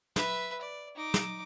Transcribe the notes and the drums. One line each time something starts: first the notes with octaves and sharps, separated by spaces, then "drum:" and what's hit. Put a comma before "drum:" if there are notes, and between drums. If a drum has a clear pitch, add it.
B4 E5, drum: snare
D5
D#4 D6
drum: snare